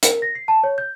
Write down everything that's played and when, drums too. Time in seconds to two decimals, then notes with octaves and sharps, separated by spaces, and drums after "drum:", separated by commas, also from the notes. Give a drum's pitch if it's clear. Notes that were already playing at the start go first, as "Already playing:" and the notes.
0.03 A#4, drum: hi-hat
0.22 A#6
0.35 C7
0.48 A5
0.64 C#5
0.78 G6